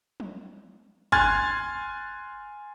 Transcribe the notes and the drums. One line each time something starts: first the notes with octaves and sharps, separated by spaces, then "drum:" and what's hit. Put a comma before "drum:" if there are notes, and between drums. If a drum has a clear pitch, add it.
drum: tom
G#5 C6 F6 F#6 G#6 A6, drum: kick